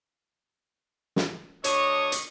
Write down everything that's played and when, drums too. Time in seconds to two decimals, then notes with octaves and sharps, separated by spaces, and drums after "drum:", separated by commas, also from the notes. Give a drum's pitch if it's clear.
1.16 drum: snare
1.64 D2 D4 C#5 D#5 C#6 D#6, drum: hi-hat
2.12 drum: hi-hat